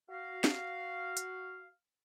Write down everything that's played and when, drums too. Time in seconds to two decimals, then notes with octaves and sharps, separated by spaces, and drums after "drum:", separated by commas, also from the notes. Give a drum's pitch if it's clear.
0.09 F#4 F5
0.44 drum: snare
1.17 drum: hi-hat